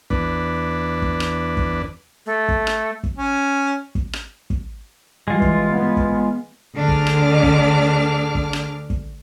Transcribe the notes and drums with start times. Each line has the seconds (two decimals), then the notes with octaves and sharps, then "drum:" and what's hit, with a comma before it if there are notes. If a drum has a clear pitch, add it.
0.10 E2 D4 B4, drum: kick
1.02 drum: kick
1.20 drum: rim click
1.57 drum: kick
2.26 A3
2.49 drum: kick
2.67 drum: rim click
3.03 drum: kick
3.17 C#4
3.95 drum: kick
4.13 drum: rim click
4.50 drum: kick
5.28 E3 G3 G#3 F4
5.42 drum: kick
5.69 B3
5.97 drum: kick
6.76 D2 D3 D4 G#4 D6 F6
6.88 drum: kick
7.07 drum: rim click
7.43 drum: kick
8.35 drum: kick
8.53 drum: rim click
8.90 drum: kick